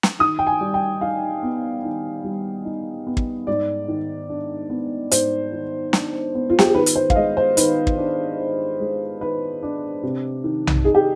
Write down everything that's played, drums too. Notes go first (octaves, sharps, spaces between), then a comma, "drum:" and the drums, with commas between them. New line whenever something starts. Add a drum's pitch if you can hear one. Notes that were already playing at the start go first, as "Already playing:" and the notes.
drum: snare
D#3 D#6
G5
G#5
G3
G5
D#4 F5
B3
D#3
G3
D#4
B3
drum: kick
G#2 D5
D#3
D4
B3
G#2 C5, drum: hi-hat
D#3
D4, drum: snare
B3
F4
G4, drum: snare
G#4
D#3 B4
drum: hi-hat
C5
F5, drum: kick
G#3 D#5
C5
D#3 B4, drum: hi-hat
drum: kick
D4
D#3
G#3
D#3 B4
D4
C3
D#3
drum: tom B1
D#4 G#4
G4